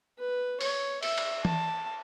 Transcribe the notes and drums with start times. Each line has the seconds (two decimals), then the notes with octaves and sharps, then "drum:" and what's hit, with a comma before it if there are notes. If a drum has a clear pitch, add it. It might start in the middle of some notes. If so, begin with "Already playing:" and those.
0.19 B4
0.61 C#5, drum: open hi-hat
1.03 E5, drum: open hi-hat
1.18 drum: cymbal
1.45 A5, drum: tom E3